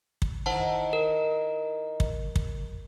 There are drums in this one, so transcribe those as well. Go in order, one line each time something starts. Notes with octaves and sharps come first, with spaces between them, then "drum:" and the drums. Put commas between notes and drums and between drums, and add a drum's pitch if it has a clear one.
drum: kick
D#3 E4 C5 F#5 A5
A#4
drum: kick
drum: kick